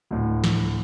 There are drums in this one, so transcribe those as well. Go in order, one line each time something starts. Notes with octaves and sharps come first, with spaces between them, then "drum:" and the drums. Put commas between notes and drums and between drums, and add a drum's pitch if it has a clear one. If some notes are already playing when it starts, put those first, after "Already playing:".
D2 A2
drum: snare